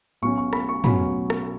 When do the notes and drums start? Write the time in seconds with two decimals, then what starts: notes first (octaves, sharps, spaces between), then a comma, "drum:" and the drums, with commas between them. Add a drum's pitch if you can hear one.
0.22 B1 B2 F#3 C#4 C#6
0.38 C#6
0.53 B5, drum: rim click
0.69 C#6
0.84 B1 B2 F#3 C#4 B5, drum: tom
1.30 drum: rim click